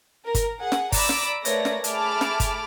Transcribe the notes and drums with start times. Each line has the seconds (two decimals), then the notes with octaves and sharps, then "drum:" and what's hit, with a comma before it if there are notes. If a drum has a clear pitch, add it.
0.25 A#4
0.35 drum: kick G1, hi-hat
0.60 G#4 F#5
0.72 drum: snare
0.92 D5 A#5 B5 D6 E6, drum: kick G1, open hi-hat
1.09 drum: snare
1.45 A3 A#3 B4 C#5 D5 A#6, drum: hi-hat
1.65 drum: snare
1.84 A3 G#4 A5 B5 D6 F6, drum: hi-hat
2.21 drum: snare
2.40 drum: kick G1, hi-hat